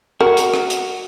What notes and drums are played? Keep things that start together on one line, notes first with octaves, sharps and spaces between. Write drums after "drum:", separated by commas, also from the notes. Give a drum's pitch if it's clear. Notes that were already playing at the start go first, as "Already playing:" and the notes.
F#4 A#4
drum: hi-hat
drum: rim click
drum: hi-hat